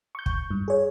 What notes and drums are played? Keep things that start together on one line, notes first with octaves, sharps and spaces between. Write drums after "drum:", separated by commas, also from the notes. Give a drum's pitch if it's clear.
C#6 G6
drum: kick
G2
G#4 C#5